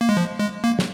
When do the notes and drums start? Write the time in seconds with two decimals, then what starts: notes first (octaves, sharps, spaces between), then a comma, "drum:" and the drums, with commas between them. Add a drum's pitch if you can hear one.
0.01 A#3
0.09 G#3
0.17 F3
0.39 G#3
0.64 A#3
0.79 drum: snare